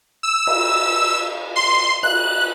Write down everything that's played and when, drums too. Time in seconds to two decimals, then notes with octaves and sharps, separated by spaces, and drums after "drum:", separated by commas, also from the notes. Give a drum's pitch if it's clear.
0.23 E6
0.47 drum: cymbal
1.56 C6
2.03 F#6, drum: cymbal